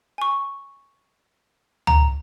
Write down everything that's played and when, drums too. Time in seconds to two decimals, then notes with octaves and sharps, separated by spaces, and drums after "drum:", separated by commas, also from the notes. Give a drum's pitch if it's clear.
0.18 G#5 C#6
1.87 A#5, drum: tom